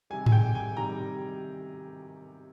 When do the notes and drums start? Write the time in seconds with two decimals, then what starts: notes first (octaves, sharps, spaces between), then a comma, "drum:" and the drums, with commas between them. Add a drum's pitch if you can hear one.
0.10 C3 D#3 G3 G#5
0.26 G#5, drum: tom G#2
0.32 G5
0.55 G#5
0.77 C3 D#3 G3 A#5